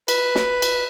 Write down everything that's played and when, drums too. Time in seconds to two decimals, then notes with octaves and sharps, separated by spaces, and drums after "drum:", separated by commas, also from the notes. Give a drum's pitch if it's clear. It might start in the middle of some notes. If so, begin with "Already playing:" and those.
0.08 B4, drum: cymbal
0.35 drum: snare
0.62 drum: cymbal